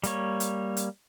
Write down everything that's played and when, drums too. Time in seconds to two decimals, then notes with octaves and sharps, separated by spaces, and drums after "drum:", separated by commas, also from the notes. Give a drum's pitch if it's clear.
0.04 G3 A#3 C#5, drum: hi-hat
0.40 drum: hi-hat
0.77 drum: hi-hat